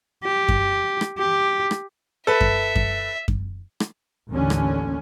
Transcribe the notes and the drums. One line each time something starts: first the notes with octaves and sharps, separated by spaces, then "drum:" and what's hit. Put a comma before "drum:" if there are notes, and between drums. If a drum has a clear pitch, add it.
G4
drum: kick F#2
drum: rim click
G4
drum: rim click
A4 B4 E5
drum: kick F#2
drum: kick F#2
drum: kick F#2
drum: rim click
A1 D#2 D3 C#4
drum: rim click